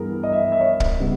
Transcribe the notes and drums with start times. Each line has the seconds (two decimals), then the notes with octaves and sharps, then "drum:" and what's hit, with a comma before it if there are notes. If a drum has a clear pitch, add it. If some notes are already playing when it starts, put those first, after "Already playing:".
Already playing: G2 E3 G3 B3 G#4 A#4
0.23 D#5
0.32 E5
0.42 D#5
0.52 E5
0.61 C#5
0.80 drum: kick
1.00 C#3 G3 B3